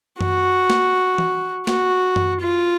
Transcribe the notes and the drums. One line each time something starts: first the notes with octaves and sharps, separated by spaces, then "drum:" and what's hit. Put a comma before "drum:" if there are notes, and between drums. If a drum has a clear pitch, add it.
F#4, drum: tom F#2
drum: snare A#3
drum: tom
F#4, drum: snare A#3
drum: tom F#2
F4